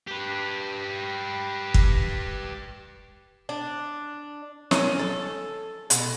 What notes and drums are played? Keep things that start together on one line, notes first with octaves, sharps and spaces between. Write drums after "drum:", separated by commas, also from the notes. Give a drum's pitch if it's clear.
G4 B4
drum: kick
D4
C#4, drum: snare
A4
B2, drum: hi-hat